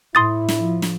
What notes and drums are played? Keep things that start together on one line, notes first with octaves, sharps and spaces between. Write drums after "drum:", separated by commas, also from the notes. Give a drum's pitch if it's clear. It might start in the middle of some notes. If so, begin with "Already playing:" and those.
A2 E4 C6 D#6 A6
drum: snare
F3
drum: snare